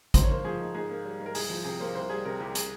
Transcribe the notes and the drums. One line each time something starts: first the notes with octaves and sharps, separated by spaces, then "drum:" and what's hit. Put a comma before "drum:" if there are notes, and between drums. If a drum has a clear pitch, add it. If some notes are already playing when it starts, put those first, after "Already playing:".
G#2 C5, drum: kick, hi-hat
C#5
A#3 C5
F3 G#4
G#2
G#2 G#4
A#3
G3
G#2
A#4
C2 G#4, drum: open hi-hat
F3
C3 G#4
A#3 C5
C2 C5
G3 G#4
C3 A#4
C2 G4
G#4, drum: hi-hat